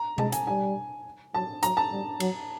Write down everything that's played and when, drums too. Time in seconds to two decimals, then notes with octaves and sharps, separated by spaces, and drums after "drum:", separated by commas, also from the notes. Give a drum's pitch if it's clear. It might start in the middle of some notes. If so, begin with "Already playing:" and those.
Already playing: A#5
0.18 G#3 A5, drum: tom B2
0.32 G#5, drum: hi-hat
0.47 G3 G#5
1.34 F#3 A5
1.63 F#3 A#5, drum: hi-hat
1.77 A5
1.92 G3
2.20 F#3, drum: cymbal